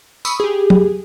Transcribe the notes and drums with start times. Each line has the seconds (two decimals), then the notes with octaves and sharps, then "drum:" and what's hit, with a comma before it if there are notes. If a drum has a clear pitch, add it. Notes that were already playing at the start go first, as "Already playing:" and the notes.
0.25 B5 C#6 D#6 E6, drum: tambourine
0.40 G4 G#4
0.70 drum: tom